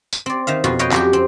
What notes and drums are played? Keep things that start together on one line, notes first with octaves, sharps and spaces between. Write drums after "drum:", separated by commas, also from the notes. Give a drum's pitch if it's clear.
drum: tambourine
C4 D5
D#3 E5 F5
F2 B2 F4 F#4 C6
B4 C#5 D#5 F5 G5 C6
F2 F#3 C#4 G4, drum: clap
C4